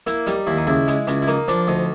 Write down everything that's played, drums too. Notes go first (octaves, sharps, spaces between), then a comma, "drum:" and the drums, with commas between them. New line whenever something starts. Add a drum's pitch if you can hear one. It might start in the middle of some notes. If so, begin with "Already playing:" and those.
A#3 E4, drum: hi-hat
G3 D#4, drum: hi-hat
D#2 E4
D#4
C#2 E4
G#3, drum: hi-hat
C#2, drum: hi-hat
E4
A#3 D#4, drum: hi-hat
F3 D4, drum: hi-hat
D2 D#4